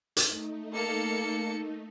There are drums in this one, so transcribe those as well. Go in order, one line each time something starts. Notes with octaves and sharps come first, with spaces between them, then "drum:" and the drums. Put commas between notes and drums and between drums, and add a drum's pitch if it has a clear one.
A3 D#4, drum: hi-hat
A#3 A4 C#7